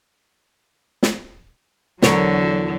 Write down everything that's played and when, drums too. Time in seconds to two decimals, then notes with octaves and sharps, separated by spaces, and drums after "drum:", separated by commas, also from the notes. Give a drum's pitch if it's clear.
1.03 drum: snare
2.02 E2 D3 F#3 A#4 C#5, drum: snare